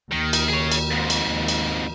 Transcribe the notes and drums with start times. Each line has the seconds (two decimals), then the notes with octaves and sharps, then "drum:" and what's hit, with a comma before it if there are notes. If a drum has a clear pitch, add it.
0.11 D#2 D#3
0.33 drum: cymbal
0.49 G#4 C#5
0.72 drum: cymbal
0.91 F2 G#2
1.10 drum: cymbal
1.28 D#2
1.48 drum: cymbal